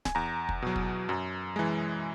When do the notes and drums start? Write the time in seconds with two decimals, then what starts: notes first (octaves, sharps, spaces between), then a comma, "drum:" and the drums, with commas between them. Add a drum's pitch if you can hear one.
0.05 G#5, drum: snare D1
0.15 E2 A#5
0.49 drum: kick
0.62 B2 F#3
0.76 drum: kick
1.09 F#2
1.56 E3 G#3